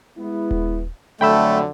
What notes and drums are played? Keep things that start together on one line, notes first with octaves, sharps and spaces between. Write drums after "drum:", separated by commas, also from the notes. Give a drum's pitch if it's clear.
G#3 B3 E4
drum: kick D#1
F2 D3 F#3 A3 G5 B5 E6